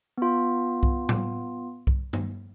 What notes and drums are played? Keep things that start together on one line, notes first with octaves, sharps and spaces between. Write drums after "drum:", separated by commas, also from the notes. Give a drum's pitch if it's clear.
B3 F4
drum: kick C2
drum: tom A2
drum: kick C2
drum: tom G2